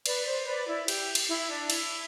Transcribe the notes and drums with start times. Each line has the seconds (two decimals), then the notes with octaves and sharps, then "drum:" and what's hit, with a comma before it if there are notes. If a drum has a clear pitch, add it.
0.06 B4 D5, drum: cymbal
0.26 C5
0.47 B4 D5
0.67 E4
0.88 G4, drum: cymbal
1.15 drum: cymbal
1.29 E4
1.49 D4
1.70 E4, drum: cymbal